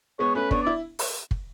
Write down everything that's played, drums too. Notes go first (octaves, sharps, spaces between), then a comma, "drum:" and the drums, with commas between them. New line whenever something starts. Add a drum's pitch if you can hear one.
G#3 B3 C#5
A3 C#4 B4
B3 D4 C#5, drum: kick
E4 D5
drum: open hi-hat
drum: kick